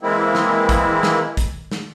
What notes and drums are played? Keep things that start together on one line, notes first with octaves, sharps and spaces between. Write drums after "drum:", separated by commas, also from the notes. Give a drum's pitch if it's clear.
E3 G#3 A#3 C4 E4
drum: snare
drum: kick, hi-hat
drum: snare
drum: kick, hi-hat
drum: snare